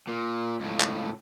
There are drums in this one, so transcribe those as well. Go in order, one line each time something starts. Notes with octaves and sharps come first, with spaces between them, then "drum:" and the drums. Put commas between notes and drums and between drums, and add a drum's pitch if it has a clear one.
A#2
C#2 A2
drum: clap